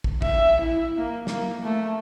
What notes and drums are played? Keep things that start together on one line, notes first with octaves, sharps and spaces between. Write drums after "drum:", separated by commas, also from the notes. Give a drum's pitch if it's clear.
drum: kick
E5, drum: kick
E4
A#3
A#3, drum: snare
A3